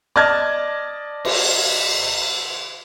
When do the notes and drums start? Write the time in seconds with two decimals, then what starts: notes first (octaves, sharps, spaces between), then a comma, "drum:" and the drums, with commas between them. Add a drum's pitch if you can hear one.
0.16 D5 D#5 A5 F6 G#6
1.25 drum: cymbal